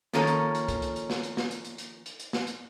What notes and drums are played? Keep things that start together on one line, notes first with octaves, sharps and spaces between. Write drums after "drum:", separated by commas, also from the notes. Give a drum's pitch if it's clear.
D#3 F3 A#3 C#4 A4 C#5, drum: snare
drum: hi-hat
drum: hi-hat
drum: kick, hi-hat
drum: hi-hat
drum: hi-hat
drum: snare
drum: hi-hat
drum: snare
drum: hi-hat
drum: hi-hat
drum: hi-hat
drum: hi-hat
drum: hi-hat
drum: snare
drum: hi-hat